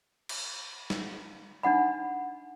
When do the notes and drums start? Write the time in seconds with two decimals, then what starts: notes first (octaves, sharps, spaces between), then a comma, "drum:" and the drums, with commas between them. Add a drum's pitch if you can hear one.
0.29 drum: cymbal
0.90 drum: snare
1.63 D4 D#4 F#5 B5